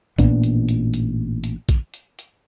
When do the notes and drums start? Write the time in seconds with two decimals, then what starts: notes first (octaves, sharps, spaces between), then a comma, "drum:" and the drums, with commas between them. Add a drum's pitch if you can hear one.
0.19 A1 A#2 B3 D4, drum: kick, hi-hat
0.44 drum: hi-hat
0.69 drum: hi-hat
0.94 drum: hi-hat
1.44 drum: hi-hat
1.69 drum: kick, hi-hat
1.94 drum: hi-hat
2.19 drum: hi-hat